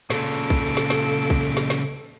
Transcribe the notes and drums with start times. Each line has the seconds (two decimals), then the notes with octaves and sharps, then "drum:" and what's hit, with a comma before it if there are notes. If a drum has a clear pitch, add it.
0.10 A#2 C#3 A4 D7, drum: snare
0.50 drum: kick
0.77 drum: snare
0.90 drum: snare
1.30 drum: kick
1.57 drum: snare
1.70 drum: snare